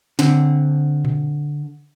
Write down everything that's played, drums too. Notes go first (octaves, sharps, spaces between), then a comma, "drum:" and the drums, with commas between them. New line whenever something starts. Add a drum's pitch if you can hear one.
D3 C4, drum: snare
drum: tom A#2